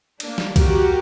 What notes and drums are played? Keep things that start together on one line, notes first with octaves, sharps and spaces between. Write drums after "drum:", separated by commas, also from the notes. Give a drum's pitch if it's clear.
A#3 D4, drum: cymbal
drum: snare
F#4 G4 A#4, drum: kick B1, cymbal